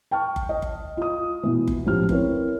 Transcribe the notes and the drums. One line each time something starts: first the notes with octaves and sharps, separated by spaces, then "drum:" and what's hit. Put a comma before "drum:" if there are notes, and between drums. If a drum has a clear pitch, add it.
G5 A5 C#6 F6
drum: kick F#1
D#5
drum: kick F#1
F4 D#6
B2 E3
drum: kick F#1
A1 F3 G4 F6
C4 E4 A#4 B4 C#5, drum: kick F#1